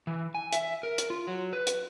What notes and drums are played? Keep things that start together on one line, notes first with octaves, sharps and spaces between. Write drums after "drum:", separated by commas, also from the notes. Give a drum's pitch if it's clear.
E3
G#5
E5, drum: hi-hat
A#4
drum: hi-hat
F4
F#3
B4
drum: hi-hat